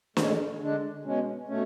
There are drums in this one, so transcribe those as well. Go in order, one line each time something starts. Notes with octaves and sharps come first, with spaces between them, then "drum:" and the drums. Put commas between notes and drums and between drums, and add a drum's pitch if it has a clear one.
A2 G#3 C#4, drum: snare
D3 G#3 D4
B2 G#3 C#4
B2 A3 C#4